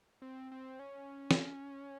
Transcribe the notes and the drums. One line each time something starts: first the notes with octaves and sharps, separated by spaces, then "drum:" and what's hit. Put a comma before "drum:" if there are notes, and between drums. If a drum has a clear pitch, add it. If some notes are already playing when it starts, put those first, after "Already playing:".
C4
C4
C#4
drum: snare